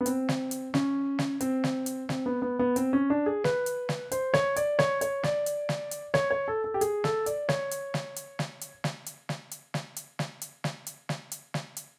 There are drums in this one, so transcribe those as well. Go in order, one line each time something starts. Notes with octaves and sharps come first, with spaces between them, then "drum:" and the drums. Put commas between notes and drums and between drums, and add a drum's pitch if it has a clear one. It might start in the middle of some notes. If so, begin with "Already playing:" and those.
B3
C4, drum: hi-hat
drum: snare
drum: hi-hat
C#4, drum: snare
drum: snare
C4, drum: hi-hat
drum: snare
drum: hi-hat
C4, drum: snare
B3
B3
B3
C4, drum: hi-hat
C#4
D4
G#4
B4, drum: snare
drum: hi-hat
drum: snare
C5, drum: hi-hat
C#5, drum: snare
D5, drum: hi-hat
C#5, drum: snare
C#5, drum: hi-hat
D5, drum: snare
drum: hi-hat
drum: snare
drum: hi-hat
C#5, drum: snare
C#5
A4
A4
G4
G#4, drum: hi-hat
A4, drum: snare
D5, drum: hi-hat
C#5, drum: snare
drum: hi-hat
drum: snare
drum: hi-hat
drum: snare
drum: hi-hat
drum: snare
drum: hi-hat
drum: snare
drum: hi-hat
drum: snare
drum: hi-hat
drum: snare
drum: hi-hat
drum: snare
drum: hi-hat
drum: snare
drum: hi-hat
drum: snare
drum: hi-hat